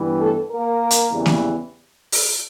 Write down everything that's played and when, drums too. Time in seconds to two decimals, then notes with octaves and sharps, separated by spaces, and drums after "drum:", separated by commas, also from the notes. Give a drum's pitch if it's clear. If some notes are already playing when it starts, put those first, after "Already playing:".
Already playing: G2 E3 G3 B3
0.21 A3 A4
0.51 A#3 A#4
0.91 drum: hi-hat
1.11 E2 C#3 E3 G3
1.26 drum: snare A#3
2.12 drum: open hi-hat